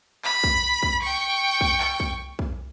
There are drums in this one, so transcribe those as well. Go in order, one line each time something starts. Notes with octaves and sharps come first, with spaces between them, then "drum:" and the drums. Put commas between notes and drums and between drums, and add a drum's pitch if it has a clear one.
B5, drum: clap
drum: kick
drum: kick
G5 C#6
drum: kick
drum: clap
drum: kick
drum: kick